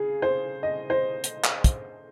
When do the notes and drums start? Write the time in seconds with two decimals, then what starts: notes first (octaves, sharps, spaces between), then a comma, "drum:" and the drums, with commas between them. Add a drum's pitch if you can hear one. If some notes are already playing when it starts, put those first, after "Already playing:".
Already playing: C#3 G#4
0.22 C5
0.63 D#5
0.90 C5
1.24 drum: hi-hat
1.44 drum: clap
1.64 drum: kick, hi-hat